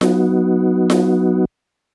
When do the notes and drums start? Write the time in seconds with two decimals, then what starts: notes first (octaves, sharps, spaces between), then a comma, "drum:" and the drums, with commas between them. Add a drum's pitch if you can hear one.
0.01 F#3 B3 D#4 F#4, drum: snare F4
0.90 drum: snare F4